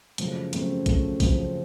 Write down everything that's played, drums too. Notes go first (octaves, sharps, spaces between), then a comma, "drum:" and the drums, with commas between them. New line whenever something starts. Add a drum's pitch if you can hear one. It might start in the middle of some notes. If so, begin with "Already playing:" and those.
F#2 C#3 F3 A3 C4, drum: hi-hat
F#2 C#3 F3 A3 C4, drum: hi-hat
F#2 C#3 F3 A3 C4, drum: kick A#1, hi-hat
F#2 C#3 F3 A3 C4, drum: kick A#1, open hi-hat